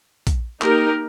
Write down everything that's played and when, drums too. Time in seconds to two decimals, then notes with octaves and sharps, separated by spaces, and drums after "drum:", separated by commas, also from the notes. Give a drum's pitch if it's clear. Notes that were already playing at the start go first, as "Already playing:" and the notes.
0.27 drum: kick, hi-hat
0.62 A#3 D#4 G4 A#4, drum: clap